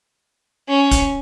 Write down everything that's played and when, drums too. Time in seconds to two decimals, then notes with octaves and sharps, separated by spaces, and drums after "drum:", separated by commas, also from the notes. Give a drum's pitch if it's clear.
0.68 C#4
0.91 drum: kick, hi-hat